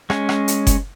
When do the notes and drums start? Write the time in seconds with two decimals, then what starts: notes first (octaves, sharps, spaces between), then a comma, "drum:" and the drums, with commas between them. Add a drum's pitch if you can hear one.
0.10 G#3 C#4, drum: rim click
0.29 drum: rim click
0.48 drum: hi-hat
0.67 drum: kick F#1, hi-hat